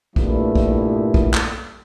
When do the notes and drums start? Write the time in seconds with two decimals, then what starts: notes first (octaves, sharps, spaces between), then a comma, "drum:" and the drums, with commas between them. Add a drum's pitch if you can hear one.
0.16 G2 A#2 G3 A3 B3 E4, drum: kick
0.55 drum: kick
1.14 drum: kick
1.34 drum: clap